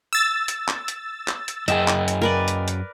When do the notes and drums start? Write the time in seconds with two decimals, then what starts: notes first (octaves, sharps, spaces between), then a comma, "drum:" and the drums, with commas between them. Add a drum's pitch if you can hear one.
0.13 E6 A6
0.48 drum: hi-hat
0.68 drum: clap
0.88 drum: hi-hat
1.28 drum: clap
1.48 drum: hi-hat
1.68 F#2 G#4 D#5 E5 G5 G#5, drum: hi-hat
1.88 drum: clap
2.08 drum: hi-hat
2.22 A#4 B4 D5
2.48 drum: hi-hat
2.68 drum: hi-hat